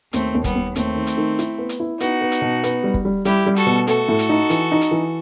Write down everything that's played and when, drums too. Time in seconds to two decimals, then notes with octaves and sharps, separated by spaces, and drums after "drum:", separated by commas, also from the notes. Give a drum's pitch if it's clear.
0.13 D#2 A3 C4, drum: hi-hat
0.35 D#2
0.44 G3 B3, drum: kick, hi-hat
0.55 D#2
0.76 D#2 A3 C4, drum: hi-hat
0.96 D#3
1.07 drum: hi-hat
1.17 D#3
1.39 E4, drum: hi-hat
1.58 B3
1.69 drum: hi-hat
1.80 E4
2.00 B3 D#4 F#4, drum: hi-hat
2.21 B3
2.32 drum: hi-hat
2.42 B2
2.63 B3, drum: hi-hat
2.83 G3
2.94 drum: kick
3.05 G3
3.25 G3 E4 G4, drum: hi-hat
3.46 G3
3.56 F#4 A4, drum: hi-hat
3.66 B2
3.87 A3 F#4 A4, drum: hi-hat
4.09 A2
4.19 drum: hi-hat
4.29 D#4
4.50 E3, drum: hi-hat
4.72 D#4
4.81 drum: hi-hat
4.91 E3